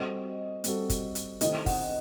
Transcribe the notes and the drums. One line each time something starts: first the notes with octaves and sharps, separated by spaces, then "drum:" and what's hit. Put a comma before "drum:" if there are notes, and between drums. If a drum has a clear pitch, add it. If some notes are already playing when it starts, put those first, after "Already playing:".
Already playing: G3 C4 F#4 A4 D#5
G3 C4 F#4 A4, drum: hi-hat
drum: kick, hi-hat
drum: hi-hat
C3 D#3 A3 C4 E4 D#5, drum: hi-hat
F#5, drum: kick, open hi-hat